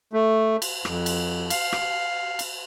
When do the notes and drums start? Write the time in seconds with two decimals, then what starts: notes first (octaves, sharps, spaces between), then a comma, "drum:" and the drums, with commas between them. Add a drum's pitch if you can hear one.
0.13 A3
0.62 drum: cymbal
0.85 F2, drum: rim click
1.06 drum: cymbal
1.50 F5, drum: cymbal
1.73 drum: rim click
2.39 drum: cymbal